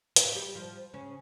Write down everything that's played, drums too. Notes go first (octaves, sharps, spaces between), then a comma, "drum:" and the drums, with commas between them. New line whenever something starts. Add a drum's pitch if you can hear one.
G3 G4, drum: hi-hat
G3 G4
F3 F4
C#3 C#4